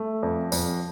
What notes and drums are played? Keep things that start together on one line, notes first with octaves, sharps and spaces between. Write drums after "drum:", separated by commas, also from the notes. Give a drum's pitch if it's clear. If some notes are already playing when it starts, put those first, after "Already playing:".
Already playing: A3
F2
F2, drum: tambourine